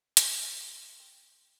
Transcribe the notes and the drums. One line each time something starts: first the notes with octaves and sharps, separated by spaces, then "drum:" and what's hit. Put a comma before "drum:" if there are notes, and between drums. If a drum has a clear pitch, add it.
C#5, drum: hi-hat
C4